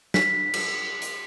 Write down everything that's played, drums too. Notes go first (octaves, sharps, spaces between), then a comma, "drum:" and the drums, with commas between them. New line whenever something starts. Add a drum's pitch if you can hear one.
B6, drum: snare
drum: cymbal
drum: hi-hat